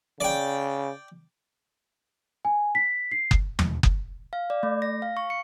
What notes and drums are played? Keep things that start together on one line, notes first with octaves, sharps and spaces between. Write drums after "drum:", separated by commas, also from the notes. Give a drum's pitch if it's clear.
C#3 D5 G5
G#5
B6
C7
drum: kick F#1
drum: tom
drum: kick F#1
F5
D5
A3
A#6
F5
C#6
C#7